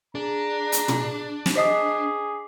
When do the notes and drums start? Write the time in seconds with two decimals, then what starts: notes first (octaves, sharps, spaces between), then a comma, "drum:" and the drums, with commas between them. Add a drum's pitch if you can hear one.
0.15 D4 G#4 A#5
0.72 drum: hi-hat
0.88 drum: tom
1.46 drum: snare
1.56 G#4 C5 D#5 D6 D#6 B6 C7